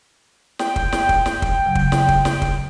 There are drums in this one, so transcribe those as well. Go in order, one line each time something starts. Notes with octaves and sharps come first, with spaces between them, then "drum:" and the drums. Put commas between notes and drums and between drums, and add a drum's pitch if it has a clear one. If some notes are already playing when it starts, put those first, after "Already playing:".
G5, drum: snare
drum: kick
drum: snare
drum: kick
drum: snare
drum: kick
C#3 F#3
drum: kick
drum: snare
drum: kick
drum: snare
drum: kick